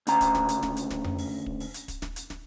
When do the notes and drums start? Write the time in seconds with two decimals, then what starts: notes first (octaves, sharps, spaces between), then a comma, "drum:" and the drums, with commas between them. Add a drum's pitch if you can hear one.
0.07 D2 C#3 A#5, drum: hi-hat
0.21 drum: kick, hi-hat
0.35 drum: snare
0.49 drum: hi-hat
0.63 drum: snare
0.77 drum: hi-hat
0.90 drum: snare
1.04 drum: tom F2
1.18 drum: open hi-hat
1.46 drum: kick
1.60 drum: open hi-hat
1.74 drum: hi-hat
1.88 drum: kick, hi-hat
2.02 drum: snare
2.16 drum: hi-hat
2.30 drum: snare